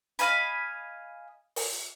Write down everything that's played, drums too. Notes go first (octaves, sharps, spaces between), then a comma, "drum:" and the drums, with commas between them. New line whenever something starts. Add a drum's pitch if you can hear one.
D#5 F5 G#5 B5, drum: hi-hat
drum: open hi-hat